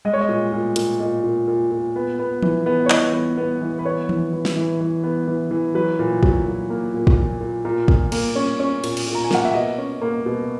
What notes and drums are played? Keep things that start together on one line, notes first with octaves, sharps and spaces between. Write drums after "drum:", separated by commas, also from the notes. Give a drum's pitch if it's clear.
G#3 D#5
C#5
D#5
A#2
A#2
A#2, drum: hi-hat
A#2 D#5
A#2
A#2
A#2
B3
B3
E3, drum: tom E3
B3
C#5
E3 D#5, drum: clap
B3
B3
E3
B4
B3 C#5
E3, drum: tom E3
E3
drum: snare
E3
E3
B3
E3
E3
F#3 B4
A#2
F#3, drum: kick
A#2
A#3
A#2
drum: kick
A#2
A#2
A#2 A#4
A#2, drum: kick
A#3, drum: cymbal
C#4
C#4
A#2, drum: cymbal
drum: cymbal
A#2
A#5
G#5
A#3 F#5, drum: snare
E5
B2 D#5
C#4
A#3
B2